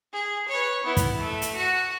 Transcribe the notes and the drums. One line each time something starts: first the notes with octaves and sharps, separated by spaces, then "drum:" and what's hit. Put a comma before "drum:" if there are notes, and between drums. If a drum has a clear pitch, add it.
G#4
B4 C#5
B3 E4
drum: kick, hi-hat
A3 E5
drum: hi-hat
F#4 F#5